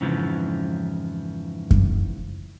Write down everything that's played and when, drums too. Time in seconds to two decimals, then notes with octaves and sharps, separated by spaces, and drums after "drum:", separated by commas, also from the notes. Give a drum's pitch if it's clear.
0.01 F2 G#2 C#3 E3 F3
1.71 drum: kick F#2